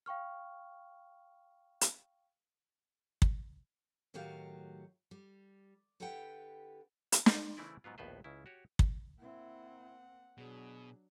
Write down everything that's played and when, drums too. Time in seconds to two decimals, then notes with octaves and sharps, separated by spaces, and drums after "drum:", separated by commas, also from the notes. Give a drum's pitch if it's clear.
0.06 F5 G5 C#6 F6
1.81 drum: hi-hat
3.22 drum: kick
4.14 A2 D#3 F#3 F#4 G4 F5
5.11 G3
6.00 D3 E4 G4 B4 F#5 G5
7.12 drum: hi-hat
7.26 drum: snare
7.57 C#3 E3 A3 C4 E4 D5
7.84 G#2 F#3 B3 F4
7.98 A#1 D#2 A2 B3 B4 C5
8.24 C#2 C#3 E4
8.46 F#4 G4 C#5
8.79 drum: kick
9.19 A#3 C4 E4 F#5
10.38 B2 F#3 D4 G#4